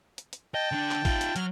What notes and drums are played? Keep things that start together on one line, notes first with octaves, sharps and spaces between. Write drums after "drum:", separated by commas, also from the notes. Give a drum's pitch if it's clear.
drum: hi-hat
drum: hi-hat
D#5 G5 A5
D3 D4
drum: clap
D#4 F4, drum: kick A1, open hi-hat
drum: hi-hat
F#3 F6, drum: hi-hat